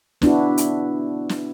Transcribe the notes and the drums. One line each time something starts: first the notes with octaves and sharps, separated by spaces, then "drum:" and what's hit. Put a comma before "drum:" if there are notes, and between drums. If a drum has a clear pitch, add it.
B3 D4 E4 F#4, drum: snare
drum: hi-hat
drum: snare